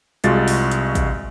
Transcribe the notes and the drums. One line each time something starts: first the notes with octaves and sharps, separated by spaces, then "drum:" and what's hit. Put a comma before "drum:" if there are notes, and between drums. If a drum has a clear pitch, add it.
C2 G#3 F4 F#4 A6, drum: hi-hat
drum: open hi-hat
drum: hi-hat
drum: kick, hi-hat